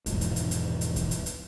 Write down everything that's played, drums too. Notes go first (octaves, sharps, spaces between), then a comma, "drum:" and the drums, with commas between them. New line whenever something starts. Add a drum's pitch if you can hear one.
E1 A#1 G#2, drum: kick D#2, hi-hat
drum: hi-hat
drum: hi-hat
drum: hi-hat
drum: hi-hat
drum: kick D#2, hi-hat
drum: hi-hat
drum: hi-hat